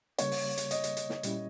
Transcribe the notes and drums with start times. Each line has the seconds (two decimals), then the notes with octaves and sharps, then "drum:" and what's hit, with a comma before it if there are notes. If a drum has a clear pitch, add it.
0.18 C#3 G3 A#3 C#5, drum: hi-hat
0.31 drum: open hi-hat
0.58 drum: hi-hat
0.71 D#5, drum: hi-hat
0.84 drum: hi-hat
0.97 drum: hi-hat
1.10 drum: snare
1.23 A#2 G3 C#4 E4, drum: hi-hat